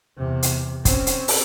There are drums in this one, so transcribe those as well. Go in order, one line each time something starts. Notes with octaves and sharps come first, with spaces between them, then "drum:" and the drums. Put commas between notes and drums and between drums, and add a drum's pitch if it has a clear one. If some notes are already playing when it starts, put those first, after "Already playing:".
E2 C3
drum: hi-hat
C4 C#4, drum: kick, hi-hat
drum: hi-hat
drum: open hi-hat